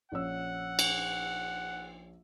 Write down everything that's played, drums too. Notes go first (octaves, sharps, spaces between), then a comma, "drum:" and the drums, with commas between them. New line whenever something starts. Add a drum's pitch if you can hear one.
A#1 C#4 F#5 E6
drum: cymbal